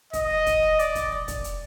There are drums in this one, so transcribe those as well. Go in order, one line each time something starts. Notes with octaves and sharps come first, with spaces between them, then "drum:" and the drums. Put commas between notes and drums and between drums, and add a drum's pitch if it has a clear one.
D#5, drum: kick, hi-hat
drum: snare
drum: kick, hi-hat
drum: snare
D5, drum: hi-hat
drum: kick, hi-hat
drum: snare
drum: kick, hi-hat
drum: hi-hat